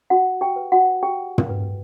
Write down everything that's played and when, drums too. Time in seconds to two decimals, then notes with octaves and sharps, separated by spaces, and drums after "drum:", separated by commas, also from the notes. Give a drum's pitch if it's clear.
0.10 F#4 F#5
0.41 G4 G5
0.56 B4
0.72 F#4 F#5
1.03 F#4 G4 G5
1.38 drum: tom
1.49 B4